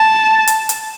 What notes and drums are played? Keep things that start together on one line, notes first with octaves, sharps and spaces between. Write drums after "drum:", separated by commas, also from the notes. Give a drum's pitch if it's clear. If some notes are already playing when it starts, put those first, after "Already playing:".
Already playing: A5
drum: hi-hat
drum: hi-hat